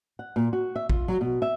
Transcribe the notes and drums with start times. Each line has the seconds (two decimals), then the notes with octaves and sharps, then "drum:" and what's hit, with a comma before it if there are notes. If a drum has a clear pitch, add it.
0.19 F#5
0.36 A#2
0.53 F#4
0.76 E5
0.90 F4, drum: kick A1
1.08 F#3
1.21 B2
1.42 E5